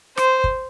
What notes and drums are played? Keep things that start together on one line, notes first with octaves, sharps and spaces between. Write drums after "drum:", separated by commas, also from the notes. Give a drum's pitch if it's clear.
C5, drum: rim click
drum: kick